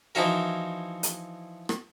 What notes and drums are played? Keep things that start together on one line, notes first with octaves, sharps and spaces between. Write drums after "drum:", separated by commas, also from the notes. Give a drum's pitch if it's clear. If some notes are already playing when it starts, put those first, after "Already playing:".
E3 F3 D#4 E4 F#4 A#4
drum: hi-hat
drum: rim click